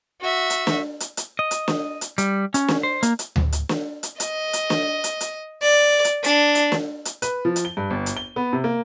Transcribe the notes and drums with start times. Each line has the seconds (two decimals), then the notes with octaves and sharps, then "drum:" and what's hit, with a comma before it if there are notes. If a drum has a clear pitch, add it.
0.21 F#4 E5
0.50 drum: hi-hat
0.67 drum: snare
1.00 drum: hi-hat
1.17 drum: hi-hat
1.39 D#5
1.51 drum: hi-hat
1.68 drum: snare
2.01 drum: hi-hat
2.18 G3, drum: hi-hat
2.54 C#4, drum: hi-hat
2.68 drum: snare
2.83 C5
3.03 A#3, drum: hi-hat
3.19 drum: hi-hat
3.36 drum: tom D2
3.52 drum: hi-hat
3.69 drum: snare
4.03 drum: hi-hat
4.20 D#5, drum: hi-hat
4.53 drum: hi-hat
4.70 drum: snare
5.04 drum: hi-hat
5.21 drum: hi-hat
5.62 D5
6.05 drum: hi-hat
6.24 D4, drum: hi-hat
6.55 drum: hi-hat
6.72 drum: snare
7.05 drum: hi-hat
7.22 B4, drum: hi-hat
7.45 F3
7.56 drum: hi-hat
7.65 G7
7.77 G2
7.90 G1
8.06 drum: hi-hat
8.17 G7
8.36 B3
8.53 C3
8.64 A#3